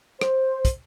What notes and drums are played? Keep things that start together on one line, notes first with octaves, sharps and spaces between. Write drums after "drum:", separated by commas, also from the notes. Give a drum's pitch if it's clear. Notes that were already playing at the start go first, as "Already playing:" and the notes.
C5, drum: rim click
drum: kick, hi-hat